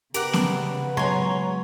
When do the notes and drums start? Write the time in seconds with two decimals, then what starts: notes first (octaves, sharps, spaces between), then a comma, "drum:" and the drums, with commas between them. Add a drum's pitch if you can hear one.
0.14 C#3 B3 G4 A#4 D5 F#5, drum: hi-hat
0.33 drum: snare
0.97 F#3 G#3 C#5 G#5 A#5 C6 G#6